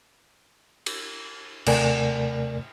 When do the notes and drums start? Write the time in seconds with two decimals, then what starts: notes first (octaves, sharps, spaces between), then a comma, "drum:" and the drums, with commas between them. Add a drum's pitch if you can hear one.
0.86 drum: cymbal
1.66 D#2 C3 A3 A#4 D5 G#5, drum: cymbal